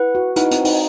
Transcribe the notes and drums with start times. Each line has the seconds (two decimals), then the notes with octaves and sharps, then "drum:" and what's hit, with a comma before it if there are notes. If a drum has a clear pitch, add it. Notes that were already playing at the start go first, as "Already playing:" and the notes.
Already playing: E4 B4 F#5
0.15 F#4
0.36 D#4 E4 B4 F#5, drum: hi-hat
0.51 C4, drum: hi-hat
0.65 D#4, drum: open hi-hat